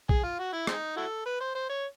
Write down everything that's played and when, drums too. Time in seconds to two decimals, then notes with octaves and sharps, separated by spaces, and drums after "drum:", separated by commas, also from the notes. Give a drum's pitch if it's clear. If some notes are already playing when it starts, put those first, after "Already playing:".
0.09 G#4, drum: kick B1
0.23 F4
0.39 F#4
0.53 E4
0.67 G#3 C4 D#4, drum: rim click
0.97 E4 F#4 A4
1.26 B4
1.40 C5
1.55 C5
1.69 C#5